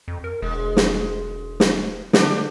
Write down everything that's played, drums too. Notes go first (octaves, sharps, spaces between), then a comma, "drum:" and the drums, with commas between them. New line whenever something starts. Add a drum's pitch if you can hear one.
F2
A#4
E1 G#3
drum: snare
drum: snare
D3 D4 G4, drum: snare